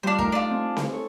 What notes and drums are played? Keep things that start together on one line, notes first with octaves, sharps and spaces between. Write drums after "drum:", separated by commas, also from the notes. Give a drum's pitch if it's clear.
G3 D4 F4 C5
A3 D#4 A#4 F#6, drum: kick
D4 F4
C4 G#5
drum: snare C4
A4 C#5